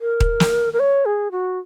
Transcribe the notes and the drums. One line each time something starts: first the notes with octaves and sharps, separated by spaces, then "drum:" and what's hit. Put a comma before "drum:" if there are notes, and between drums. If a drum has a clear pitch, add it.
A#4
drum: kick D#1
drum: snare
A#4
C#5
G#4
F#4